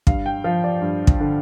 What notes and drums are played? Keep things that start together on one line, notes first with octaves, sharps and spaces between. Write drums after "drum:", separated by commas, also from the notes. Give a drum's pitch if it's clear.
G2 F5, drum: kick
G5
F3 F5
D5
G2
drum: kick
D3